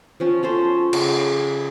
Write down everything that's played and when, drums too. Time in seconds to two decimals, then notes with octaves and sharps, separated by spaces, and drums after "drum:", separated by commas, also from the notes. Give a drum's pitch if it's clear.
0.20 F3 C#4
0.43 C#4 A4 C5
0.93 C#3, drum: cymbal